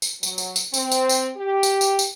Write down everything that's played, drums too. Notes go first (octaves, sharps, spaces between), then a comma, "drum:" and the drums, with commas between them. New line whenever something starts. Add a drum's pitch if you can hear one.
drum: tambourine
F#3, drum: tambourine
drum: tambourine
drum: tambourine
C4, drum: tambourine
drum: tambourine
drum: tambourine
G4
drum: tambourine
drum: tambourine
drum: tambourine